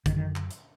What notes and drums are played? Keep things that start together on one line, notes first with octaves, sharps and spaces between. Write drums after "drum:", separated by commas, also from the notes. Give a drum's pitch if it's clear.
F#2 D3 D#3, drum: kick A1, hi-hat
D#3
drum: clap
drum: hi-hat